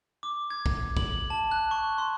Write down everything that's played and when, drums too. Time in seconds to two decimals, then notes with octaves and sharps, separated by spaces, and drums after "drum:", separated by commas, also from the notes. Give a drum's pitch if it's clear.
0.23 D6
0.50 G#6
0.66 drum: kick
0.97 F#7, drum: kick
1.30 A5
1.52 F#6
1.71 C#6
1.98 C6